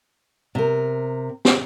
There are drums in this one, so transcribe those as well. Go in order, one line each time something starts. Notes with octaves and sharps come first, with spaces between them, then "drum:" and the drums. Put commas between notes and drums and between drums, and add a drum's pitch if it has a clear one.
C3 A#4
drum: snare